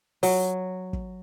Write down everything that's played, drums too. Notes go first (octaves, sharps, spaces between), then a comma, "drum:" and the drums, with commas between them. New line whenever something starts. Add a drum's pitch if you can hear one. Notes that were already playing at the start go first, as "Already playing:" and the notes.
F#3, drum: open hi-hat
drum: kick